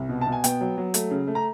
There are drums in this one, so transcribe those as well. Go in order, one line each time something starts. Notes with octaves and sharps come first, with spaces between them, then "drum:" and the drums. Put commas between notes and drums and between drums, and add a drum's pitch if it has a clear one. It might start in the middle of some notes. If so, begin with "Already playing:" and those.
Already playing: C2
B2
A5
B2
G#5
B3 G5, drum: hi-hat
F#3
F#3
A3, drum: hi-hat
C#3
A3
A#5